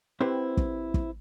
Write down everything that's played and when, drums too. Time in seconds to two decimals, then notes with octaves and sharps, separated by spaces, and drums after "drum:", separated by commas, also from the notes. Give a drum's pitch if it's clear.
0.20 C4 E4 G4 B4 C5 F#5
0.57 drum: kick
0.94 drum: kick